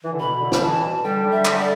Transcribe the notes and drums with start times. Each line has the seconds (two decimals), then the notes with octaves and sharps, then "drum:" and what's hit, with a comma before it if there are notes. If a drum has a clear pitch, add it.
0.04 E3
0.13 D3
0.20 B2 B5
0.42 A2 D3
0.52 G3, drum: snare
0.62 B2 E3 A5
1.04 D3 G3 G5
1.24 D3 G3
1.31 E5
1.45 D3 G3, drum: clap
1.60 D5